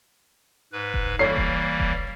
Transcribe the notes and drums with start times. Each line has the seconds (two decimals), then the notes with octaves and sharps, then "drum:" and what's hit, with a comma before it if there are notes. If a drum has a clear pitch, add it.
0.73 G#2 B4
0.94 drum: kick E1
1.19 E3 G3 A#3 C#5 C7
1.37 drum: kick E1
1.80 drum: kick E1